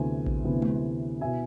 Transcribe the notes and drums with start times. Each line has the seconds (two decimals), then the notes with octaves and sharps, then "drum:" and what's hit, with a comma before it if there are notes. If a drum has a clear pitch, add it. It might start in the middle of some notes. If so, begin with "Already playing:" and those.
Already playing: D2 C3 E3 B3 E4 G#5
0.27 drum: kick A1
0.44 D2 C3 E3 B3 E4
0.62 drum: tom G#3
1.20 B2 B3 E4 E5 G#5